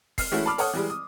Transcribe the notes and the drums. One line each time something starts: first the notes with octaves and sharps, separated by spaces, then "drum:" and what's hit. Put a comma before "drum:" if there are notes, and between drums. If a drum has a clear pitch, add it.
F6 C7, drum: kick, open hi-hat
E3 G#3 A3 C#4 E4 F#4
A5 B5 D6 F6
A4 C#5 F#5 D#6, drum: open hi-hat
E3 G3 G#3
D#6